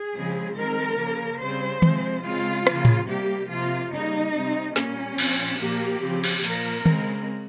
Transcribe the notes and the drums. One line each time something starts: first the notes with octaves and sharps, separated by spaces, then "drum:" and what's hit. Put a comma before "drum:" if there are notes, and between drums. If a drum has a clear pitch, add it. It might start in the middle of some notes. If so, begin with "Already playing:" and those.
Already playing: G#4
C#3 F3 G#3 C4
D#3 G#3 C4 A#4
C#3 F3 A#3
C#3 G3 C4 C5
C3 F3 G#3 C4, drum: tom D#3
C#3 G#3 C4 F4
C#3 F3 A#3, drum: rim click
drum: tom A2
C3 G3 A#3 G4
C3 F3 A#3 F4
C#3 G3 A#3 D#4
C3 G3 C4
A#2 G3 A#3 C#4, drum: snare
A#2 F3 C4, drum: cymbal
A#2 F3 A#3 G4
C#3 F3 C4
drum: cymbal
A#2 F3 A#3 A#4, drum: hi-hat
C#3 G#3 C4, drum: tom D#3